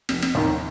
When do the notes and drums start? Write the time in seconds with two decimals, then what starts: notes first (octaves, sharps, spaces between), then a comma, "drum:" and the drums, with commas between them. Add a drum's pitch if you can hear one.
0.09 F1, drum: snare
0.22 drum: snare
0.35 D#2 D#3